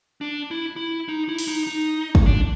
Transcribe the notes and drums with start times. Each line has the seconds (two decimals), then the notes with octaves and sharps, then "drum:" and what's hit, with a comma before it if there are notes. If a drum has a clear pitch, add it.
0.21 D4
0.51 E4
0.76 E4
1.09 D#4
1.29 E4
1.39 drum: open hi-hat
1.48 D#4
1.67 D#4
2.15 drum: kick
2.26 D4